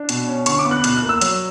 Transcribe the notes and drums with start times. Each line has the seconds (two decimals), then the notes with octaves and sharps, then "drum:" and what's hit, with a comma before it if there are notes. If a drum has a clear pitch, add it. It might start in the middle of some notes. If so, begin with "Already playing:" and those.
Already playing: D4
0.09 B2, drum: hi-hat
0.28 C#4
0.46 D3 C#6, drum: hi-hat
0.59 D6
0.65 B3
0.71 F#6
0.84 B2 F#6, drum: hi-hat
0.96 F#6
1.03 A#3
1.09 E6
1.21 F#3, drum: hi-hat